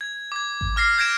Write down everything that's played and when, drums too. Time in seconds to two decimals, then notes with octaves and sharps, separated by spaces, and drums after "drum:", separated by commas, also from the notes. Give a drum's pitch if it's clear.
0.01 G#6
0.32 D6 G#6
0.61 drum: kick G#1
0.76 D6 F6 A#6 C7
0.98 G6 G#6 A#6 D7 E7